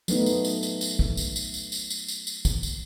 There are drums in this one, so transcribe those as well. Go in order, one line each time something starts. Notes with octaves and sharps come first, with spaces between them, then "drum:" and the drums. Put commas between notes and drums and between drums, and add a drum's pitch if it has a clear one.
F#3 A3 B3 D#4, drum: tambourine
drum: tambourine
drum: tambourine
drum: tambourine
drum: tambourine
drum: kick
drum: tambourine
drum: tambourine
drum: tambourine
drum: tambourine
drum: tambourine
drum: tambourine
drum: tambourine
drum: kick, tambourine
drum: tambourine